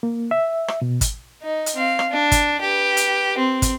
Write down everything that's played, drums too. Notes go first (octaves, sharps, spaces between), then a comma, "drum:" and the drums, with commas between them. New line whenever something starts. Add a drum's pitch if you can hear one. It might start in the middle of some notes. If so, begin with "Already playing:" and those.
A#3
E5
drum: rim click
B2
drum: kick, hi-hat
D#4
drum: hi-hat
C4 F5
drum: rim click
D4
drum: kick, hi-hat
G4 B4
drum: hi-hat
C4
drum: kick, hi-hat